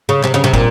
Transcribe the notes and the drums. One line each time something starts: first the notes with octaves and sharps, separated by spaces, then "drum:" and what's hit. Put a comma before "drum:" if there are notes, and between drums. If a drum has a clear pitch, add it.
C#3
C3, drum: clap
C#3
C3
A#2, drum: kick